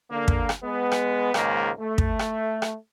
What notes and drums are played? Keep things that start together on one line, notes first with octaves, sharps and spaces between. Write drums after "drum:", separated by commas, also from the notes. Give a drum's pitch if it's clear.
D3 A#3
drum: kick
drum: rim click
G#3 B3
drum: rim click
C#2 G#2 D#3 G#3 A#3, drum: rim click
A3
drum: kick
drum: rim click
drum: rim click